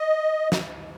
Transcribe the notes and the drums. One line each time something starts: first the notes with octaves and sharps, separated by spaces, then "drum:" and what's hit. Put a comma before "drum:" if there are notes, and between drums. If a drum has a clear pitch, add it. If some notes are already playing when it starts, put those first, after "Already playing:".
Already playing: D#5
drum: snare